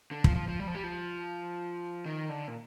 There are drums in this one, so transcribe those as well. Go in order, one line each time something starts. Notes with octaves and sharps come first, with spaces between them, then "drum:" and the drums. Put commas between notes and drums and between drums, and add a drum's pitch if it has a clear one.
D3
F3, drum: kick
F3
F3
G3
F3
G3
F3
D#3
D3
A#2